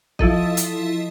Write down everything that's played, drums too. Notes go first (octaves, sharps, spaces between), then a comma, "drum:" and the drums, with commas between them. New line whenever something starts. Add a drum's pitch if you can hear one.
F3 E4 A4 D#5, drum: kick
drum: hi-hat